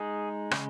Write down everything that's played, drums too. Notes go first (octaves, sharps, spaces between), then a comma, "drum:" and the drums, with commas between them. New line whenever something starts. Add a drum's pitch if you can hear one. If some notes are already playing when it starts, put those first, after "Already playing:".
Already playing: G#3 D#4 G#4
C#3 G#3, drum: rim click